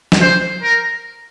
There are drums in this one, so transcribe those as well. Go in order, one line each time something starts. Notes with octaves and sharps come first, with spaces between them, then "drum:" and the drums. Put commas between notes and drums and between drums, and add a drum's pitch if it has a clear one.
drum: snare
C5
A#4